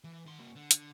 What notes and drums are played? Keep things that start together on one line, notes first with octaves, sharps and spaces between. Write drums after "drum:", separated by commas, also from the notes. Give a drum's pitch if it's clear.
E3
D#3 C6
A#3 F#4
D3
drum: hi-hat